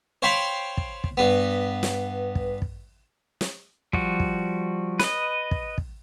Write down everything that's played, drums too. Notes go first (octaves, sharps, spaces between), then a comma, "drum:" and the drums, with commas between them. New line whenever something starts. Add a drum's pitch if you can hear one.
C5 C#5 F5 G5 B5 C6
drum: kick
drum: kick
G2 B3
drum: snare
drum: kick
drum: kick
drum: snare
F3 G3 F#4, drum: kick
drum: kick
B4 D#5, drum: snare
drum: kick
drum: kick